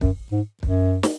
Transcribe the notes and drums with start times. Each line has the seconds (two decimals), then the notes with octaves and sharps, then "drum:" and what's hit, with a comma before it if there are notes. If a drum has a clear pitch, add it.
0.01 F#2, drum: kick
0.32 G#2
0.63 F#2, drum: kick
1.03 drum: snare